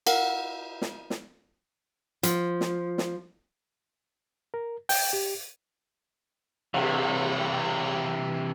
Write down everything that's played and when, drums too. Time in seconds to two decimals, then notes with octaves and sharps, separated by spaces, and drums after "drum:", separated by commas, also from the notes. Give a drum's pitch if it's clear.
0.07 E4 A#4 F5 F#5, drum: cymbal
0.82 drum: snare
1.10 drum: snare
2.23 F3, drum: hi-hat
2.61 drum: snare
2.98 drum: snare
4.54 A#4
4.89 G5, drum: open hi-hat
5.13 G4
6.74 C3 E3, drum: cymbal